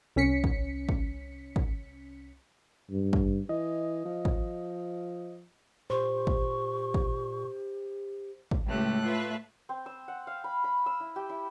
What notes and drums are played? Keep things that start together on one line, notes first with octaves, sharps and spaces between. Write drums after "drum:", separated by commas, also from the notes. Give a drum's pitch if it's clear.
C2 C#4 B6 C#7
drum: kick
drum: kick
drum: kick
G2
drum: kick
E3 D#5
F3
drum: kick
A#2 G4 C5 C#6
drum: kick
drum: kick
drum: kick
C#2 A2 A3 G4 F#6
F4 B4 E5
C4
E6
F#5
F5
B5
B5
E6
E4
G4
E4